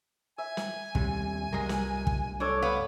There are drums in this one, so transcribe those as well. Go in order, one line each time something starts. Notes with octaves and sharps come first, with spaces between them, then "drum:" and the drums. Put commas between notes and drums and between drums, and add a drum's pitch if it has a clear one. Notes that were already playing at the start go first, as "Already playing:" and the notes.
E5 G#5
drum: snare
D#2 C3 G3, drum: kick
C2 F#2 G3 G#3 A#4
drum: snare
drum: kick
D4 A4 C#5 D5
B3 B4 F5